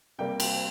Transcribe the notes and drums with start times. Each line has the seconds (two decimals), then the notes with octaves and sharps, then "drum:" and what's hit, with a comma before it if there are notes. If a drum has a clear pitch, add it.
0.19 C3 G3 A#3 G5
0.40 G5, drum: cymbal